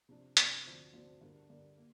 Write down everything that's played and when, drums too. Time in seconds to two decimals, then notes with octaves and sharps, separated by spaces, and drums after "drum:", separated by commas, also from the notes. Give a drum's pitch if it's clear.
0.09 C3 F3 D4
0.37 C3 F3 D4, drum: hi-hat
0.65 D2 D3 F3 C4
0.93 D2 D3 F3 C4
1.21 D3 G3 D4 A#4
1.49 D3 G3 D4 A#4
1.78 A#3